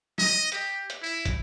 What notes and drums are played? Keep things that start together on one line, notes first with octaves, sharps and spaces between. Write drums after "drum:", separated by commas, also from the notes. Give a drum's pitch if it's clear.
D#5, drum: snare
G4, drum: hi-hat
drum: hi-hat
E4
drum: kick, hi-hat